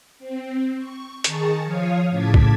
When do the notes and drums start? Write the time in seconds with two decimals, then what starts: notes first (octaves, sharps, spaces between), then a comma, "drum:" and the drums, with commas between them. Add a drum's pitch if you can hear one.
0.19 C4
0.78 C#6
1.24 D#3 G#4 A5 A#5 C#6 A6, drum: hi-hat
1.64 F3 C#5 F5 D#6
2.09 A2 C#3 A5 D6 G#6 B6
2.34 drum: kick